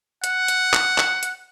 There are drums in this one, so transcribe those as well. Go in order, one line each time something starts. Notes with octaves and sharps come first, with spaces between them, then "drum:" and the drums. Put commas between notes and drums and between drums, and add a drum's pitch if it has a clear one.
F#5, drum: hi-hat
drum: hi-hat
drum: clap
drum: clap
drum: hi-hat